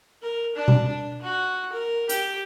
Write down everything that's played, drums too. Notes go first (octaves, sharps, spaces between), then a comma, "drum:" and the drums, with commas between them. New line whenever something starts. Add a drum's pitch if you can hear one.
A#4
D4
drum: tom B2
D4
F#4
A#4
G4, drum: hi-hat